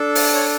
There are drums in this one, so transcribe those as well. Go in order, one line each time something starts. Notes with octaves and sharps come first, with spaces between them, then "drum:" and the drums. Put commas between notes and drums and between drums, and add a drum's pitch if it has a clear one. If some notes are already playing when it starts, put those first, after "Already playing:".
Already playing: D4 A4
drum: open hi-hat
C#5